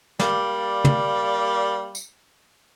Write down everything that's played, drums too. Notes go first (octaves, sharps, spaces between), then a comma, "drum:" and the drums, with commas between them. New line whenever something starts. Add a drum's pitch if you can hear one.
G3 A#3 D5 F5, drum: snare
drum: tom
drum: tambourine